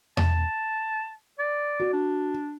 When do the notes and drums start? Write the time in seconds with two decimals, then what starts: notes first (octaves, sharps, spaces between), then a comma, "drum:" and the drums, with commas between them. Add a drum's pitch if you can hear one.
0.17 A5, drum: tom E2
1.39 D5
1.80 F#4
1.93 D4